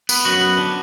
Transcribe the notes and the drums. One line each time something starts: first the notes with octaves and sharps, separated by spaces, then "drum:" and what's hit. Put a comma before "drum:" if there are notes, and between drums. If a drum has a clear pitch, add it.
B3, drum: tambourine
F#2 F#4
B3
D3